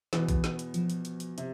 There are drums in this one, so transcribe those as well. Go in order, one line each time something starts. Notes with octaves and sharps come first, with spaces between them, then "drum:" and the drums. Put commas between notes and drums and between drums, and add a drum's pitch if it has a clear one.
E2 B2 E3 B3, drum: snare
drum: kick A1, hi-hat
drum: snare
drum: hi-hat
F3, drum: hi-hat
drum: hi-hat
drum: hi-hat
drum: hi-hat
C3, drum: hi-hat